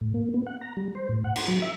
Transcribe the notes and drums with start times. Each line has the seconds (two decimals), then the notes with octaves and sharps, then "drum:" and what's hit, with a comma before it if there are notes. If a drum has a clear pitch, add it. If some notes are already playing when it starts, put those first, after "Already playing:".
0.01 A2
0.14 A#3
0.34 B3
0.47 F#5
0.61 A#5
0.77 G3
0.95 C5
1.09 A2
1.24 F#5
1.36 C6, drum: cymbal
1.48 F#3
1.62 E5